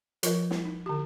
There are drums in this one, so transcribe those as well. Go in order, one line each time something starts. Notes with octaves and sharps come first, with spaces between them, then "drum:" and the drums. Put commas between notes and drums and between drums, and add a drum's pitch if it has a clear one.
F3 F4 A#4 B4 D#5, drum: hi-hat
drum: snare
D#4
D3 G4